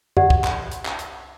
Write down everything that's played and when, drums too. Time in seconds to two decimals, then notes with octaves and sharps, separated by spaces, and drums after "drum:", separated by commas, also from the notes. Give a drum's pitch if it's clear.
0.17 G4 D5 F#5, drum: tom F2
0.30 drum: kick
0.44 drum: clap
0.71 drum: hi-hat
0.85 drum: clap
0.99 drum: hi-hat